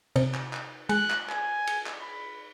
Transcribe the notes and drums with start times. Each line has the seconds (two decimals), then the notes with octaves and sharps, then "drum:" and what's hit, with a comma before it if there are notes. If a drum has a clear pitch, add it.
0.16 C3, drum: cymbal
0.34 drum: clap
0.53 drum: clap
0.89 G#3 F#6, drum: cymbal
1.10 drum: clap
1.29 G#5, drum: clap
1.67 drum: cymbal
1.86 drum: clap
2.01 B5